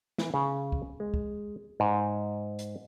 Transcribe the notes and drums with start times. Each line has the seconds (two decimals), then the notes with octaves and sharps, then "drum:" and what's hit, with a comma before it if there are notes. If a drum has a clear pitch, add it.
0.18 E3, drum: snare
0.34 C#3
0.72 drum: kick
1.00 G#3
1.14 drum: kick
1.80 G#2
2.59 drum: hi-hat